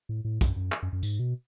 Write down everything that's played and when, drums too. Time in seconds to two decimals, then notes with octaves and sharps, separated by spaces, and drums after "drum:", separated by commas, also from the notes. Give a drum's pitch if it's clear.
0.09 A2
0.25 A2
0.41 F#2, drum: kick, tambourine
0.56 F#2
0.72 drum: clap
0.83 F#2
0.93 F#2
1.03 G#2, drum: tambourine
1.20 B2